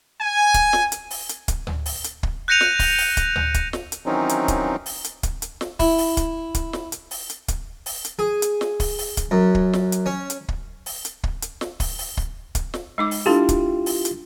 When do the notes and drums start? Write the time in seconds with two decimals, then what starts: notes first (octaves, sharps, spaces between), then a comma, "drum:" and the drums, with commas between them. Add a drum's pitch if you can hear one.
0.21 G#5
0.54 drum: kick, hi-hat
0.73 drum: snare
0.92 drum: hi-hat
1.11 drum: open hi-hat
1.29 drum: hi-hat
1.48 drum: kick, hi-hat
1.67 drum: tom D2
1.86 drum: open hi-hat
2.04 drum: hi-hat
2.23 drum: kick
2.48 F#6 G6 A#6 C#7 D#7 F7
2.61 drum: snare
2.79 drum: kick, open hi-hat
2.98 drum: open hi-hat
3.17 drum: kick, hi-hat
3.36 drum: tom D2
3.54 drum: kick, hi-hat
3.73 drum: snare
3.92 drum: hi-hat
4.06 D#3 E3 F#3 C4 C#4 D#4
4.29 drum: hi-hat
4.48 drum: kick, hi-hat
4.86 drum: open hi-hat
5.04 drum: hi-hat
5.23 drum: kick, hi-hat
5.42 drum: hi-hat
5.61 drum: snare
5.79 E4, drum: kick, open hi-hat
5.98 drum: open hi-hat
6.17 drum: kick, hi-hat
6.55 drum: kick, hi-hat
6.73 drum: snare
6.92 drum: hi-hat
7.11 drum: open hi-hat
7.30 drum: hi-hat
7.48 drum: kick, hi-hat
7.86 drum: open hi-hat
8.05 drum: hi-hat
8.19 G#4
8.42 drum: hi-hat
8.61 drum: snare
8.80 drum: kick, open hi-hat
8.98 drum: open hi-hat
9.17 drum: kick, hi-hat
9.31 F#2
9.55 drum: kick
9.73 drum: snare
9.92 drum: hi-hat
10.06 C#4
10.30 drum: hi-hat
10.48 drum: kick
10.86 drum: open hi-hat
11.05 drum: hi-hat
11.24 drum: kick
11.42 drum: hi-hat
11.61 drum: snare
11.80 drum: kick, open hi-hat
11.99 drum: open hi-hat
12.17 drum: kick
12.55 drum: kick, hi-hat
12.74 drum: snare
12.98 G#3 D#4 D6
13.11 drum: open hi-hat
13.26 D4 E4 F4 G4 A4
13.49 drum: kick, hi-hat
13.86 drum: open hi-hat
14.05 drum: hi-hat